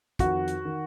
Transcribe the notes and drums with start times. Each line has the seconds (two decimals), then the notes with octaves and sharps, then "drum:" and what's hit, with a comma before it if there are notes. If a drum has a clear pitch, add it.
0.19 F2 D#3 F#4, drum: kick, hi-hat
0.48 drum: hi-hat
0.65 D#3